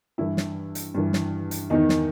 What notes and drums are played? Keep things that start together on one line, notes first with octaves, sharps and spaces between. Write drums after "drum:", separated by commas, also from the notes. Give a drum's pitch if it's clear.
G2 E3 E4
drum: snare
drum: hi-hat
G2 E3
drum: snare
drum: hi-hat
E2 D#3 D#4
drum: snare